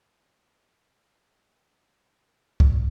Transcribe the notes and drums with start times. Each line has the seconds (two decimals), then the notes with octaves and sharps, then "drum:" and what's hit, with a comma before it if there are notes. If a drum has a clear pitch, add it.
0.22 F#2 G3 B4 D5 E5 D#6
2.60 drum: kick C2